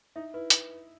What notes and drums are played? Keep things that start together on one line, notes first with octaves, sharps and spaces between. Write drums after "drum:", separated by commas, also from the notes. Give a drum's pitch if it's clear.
D#4 E5
E4 B4
drum: hi-hat